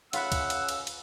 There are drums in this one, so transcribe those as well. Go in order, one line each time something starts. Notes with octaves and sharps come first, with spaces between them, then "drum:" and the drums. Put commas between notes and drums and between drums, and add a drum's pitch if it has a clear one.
C#3 F4 B4 E5 F#5 E6, drum: cymbal
drum: kick, cymbal
drum: cymbal
drum: cymbal
drum: cymbal